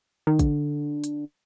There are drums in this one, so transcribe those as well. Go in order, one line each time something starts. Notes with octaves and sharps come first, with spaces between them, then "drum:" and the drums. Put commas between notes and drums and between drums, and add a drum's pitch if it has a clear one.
D#3
D3, drum: kick, hi-hat
drum: hi-hat